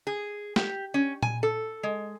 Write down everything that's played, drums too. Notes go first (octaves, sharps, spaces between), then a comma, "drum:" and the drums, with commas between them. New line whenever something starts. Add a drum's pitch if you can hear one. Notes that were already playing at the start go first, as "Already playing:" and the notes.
G#4
G4, drum: snare
C#4
G#5, drum: tom A#2
A4
G#3